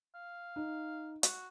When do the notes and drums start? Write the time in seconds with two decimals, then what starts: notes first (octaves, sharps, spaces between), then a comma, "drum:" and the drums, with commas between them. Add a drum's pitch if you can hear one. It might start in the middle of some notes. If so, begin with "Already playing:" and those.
0.15 F5
0.56 D#4
1.23 F#4, drum: hi-hat